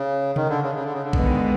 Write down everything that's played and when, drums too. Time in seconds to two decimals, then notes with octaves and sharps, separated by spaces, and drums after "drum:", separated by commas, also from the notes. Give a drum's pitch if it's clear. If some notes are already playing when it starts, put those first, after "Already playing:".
Already playing: C#3
0.36 D#3, drum: tom C3
0.49 D3
0.62 C#3
0.75 C#3
0.84 D3
0.94 C#3
1.04 D3
1.13 D#3 G#3 B3, drum: kick A#1